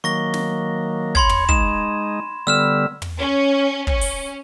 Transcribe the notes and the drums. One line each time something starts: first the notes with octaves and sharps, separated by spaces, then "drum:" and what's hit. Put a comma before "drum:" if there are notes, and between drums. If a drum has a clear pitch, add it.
D#3 F#3 A#3 C#6 A#6 G7
drum: snare
C#5 B5 C6 G#6, drum: kick
drum: tom
G#3 D#4 E7, drum: kick
D3 G3 B3 E6 F6 E7
drum: tom
C#4
C#4, drum: kick
drum: open hi-hat